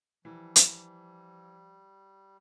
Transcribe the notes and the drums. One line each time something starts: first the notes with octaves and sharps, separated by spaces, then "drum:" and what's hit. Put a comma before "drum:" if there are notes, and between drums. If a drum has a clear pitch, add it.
E3 F3 G3
drum: hi-hat